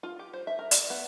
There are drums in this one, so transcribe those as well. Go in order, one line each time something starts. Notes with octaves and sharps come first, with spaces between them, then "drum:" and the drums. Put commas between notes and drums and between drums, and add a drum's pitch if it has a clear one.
F4
G4
C5
E5
A#4
D5, drum: hi-hat
B3